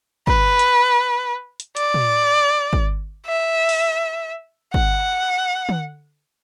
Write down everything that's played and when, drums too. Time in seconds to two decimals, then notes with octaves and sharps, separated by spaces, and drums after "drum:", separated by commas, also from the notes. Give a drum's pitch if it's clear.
0.27 B4, drum: kick
0.59 drum: hi-hat
1.60 drum: hi-hat
1.77 D5, drum: hi-hat
1.94 drum: tom
2.73 drum: kick
3.26 E5
3.69 drum: open hi-hat
4.74 F#5, drum: kick
5.69 drum: tom